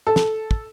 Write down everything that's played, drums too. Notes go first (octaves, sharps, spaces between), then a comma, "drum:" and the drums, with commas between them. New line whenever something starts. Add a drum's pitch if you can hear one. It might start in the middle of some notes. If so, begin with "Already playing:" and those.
A4
drum: snare
drum: kick